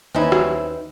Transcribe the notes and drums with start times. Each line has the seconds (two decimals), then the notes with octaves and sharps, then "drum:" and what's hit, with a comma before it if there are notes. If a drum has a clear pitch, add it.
0.15 D#2 C4 C#4 D#4 E4 B4
0.32 drum: rim click